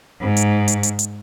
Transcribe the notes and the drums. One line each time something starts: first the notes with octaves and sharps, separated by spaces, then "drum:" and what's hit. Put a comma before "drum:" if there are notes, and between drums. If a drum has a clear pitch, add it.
G#2
drum: hi-hat
drum: hi-hat
drum: hi-hat
drum: hi-hat